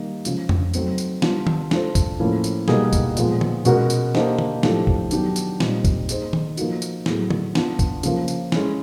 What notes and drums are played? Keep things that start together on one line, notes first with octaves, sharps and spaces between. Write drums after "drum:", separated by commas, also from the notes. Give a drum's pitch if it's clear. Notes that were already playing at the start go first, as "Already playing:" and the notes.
Already playing: D#3 G3 A#3 D#4
C#3 F3 G#3, drum: tambourine
drum: tom F2
F#3 A3 C4 D#4, drum: tambourine
drum: tambourine
G3 B3 D4 F4, drum: snare
drum: tom D#3
A3 D4 F4 A4 C5, drum: snare
drum: kick, tambourine
A2 F3 A#3 C#4
drum: tambourine
B2 G3 A#3 D#4 G#4, drum: snare
drum: kick, tambourine
A#2 F3 G#3 B3, drum: tambourine
drum: tom D3
B2 G#3 C#4 F#4 A#4, drum: tambourine
drum: tambourine
A#3 D4 G4 C5 D#5, drum: snare
drum: tom D3
A2 F3 A3 D4 G4, drum: snare
drum: kick
D#3 F#3 B3 D4 G4, drum: tambourine
drum: tambourine
A#2 G3 C4 D#4, drum: snare
drum: kick, tambourine
A#3 D#4 G#4 C5, drum: tambourine
drum: tom D#3
F3 A#3 D#4 F#4, drum: tambourine
drum: tambourine
A2 F#3 B3 E4 G#4, drum: snare
drum: tom D3
B3 D4 F4, drum: snare
drum: kick, tambourine
C#3 F3 A#3, drum: tambourine
drum: tambourine
G#3 C#4 E4, drum: snare